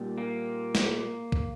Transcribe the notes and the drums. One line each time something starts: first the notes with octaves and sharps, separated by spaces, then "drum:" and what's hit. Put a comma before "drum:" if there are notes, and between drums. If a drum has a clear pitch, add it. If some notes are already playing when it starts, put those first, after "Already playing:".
Already playing: A#2 G3
A#3
drum: snare
drum: kick